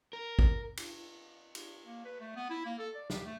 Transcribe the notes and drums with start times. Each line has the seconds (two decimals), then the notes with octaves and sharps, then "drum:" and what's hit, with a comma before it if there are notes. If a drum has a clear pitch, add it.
0.13 A#4
0.39 drum: kick
0.77 drum: cymbal
1.55 drum: cymbal
1.85 A#3
2.05 B4
2.20 A3
2.36 B3
2.50 E4
2.65 A#3
2.79 A4
2.95 D5
3.10 G4, drum: snare
3.25 A3